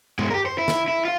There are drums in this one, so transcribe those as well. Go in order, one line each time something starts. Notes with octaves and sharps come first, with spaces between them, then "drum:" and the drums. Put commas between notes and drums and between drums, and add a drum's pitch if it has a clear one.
B2 G#3, drum: tom G2
G4 A#4
C5
E4
drum: snare
E4
F4 F5